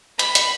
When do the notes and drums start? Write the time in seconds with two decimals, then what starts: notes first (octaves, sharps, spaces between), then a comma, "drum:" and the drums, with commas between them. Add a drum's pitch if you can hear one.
0.19 B5, drum: hi-hat
0.35 drum: hi-hat